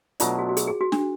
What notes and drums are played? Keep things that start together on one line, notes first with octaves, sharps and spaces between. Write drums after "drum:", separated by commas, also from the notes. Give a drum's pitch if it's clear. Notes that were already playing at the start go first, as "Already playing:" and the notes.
B2 F#3 A3 D4 F4, drum: hi-hat
F#4
F#4
G#4, drum: hi-hat
G#4
F#4
D4, drum: snare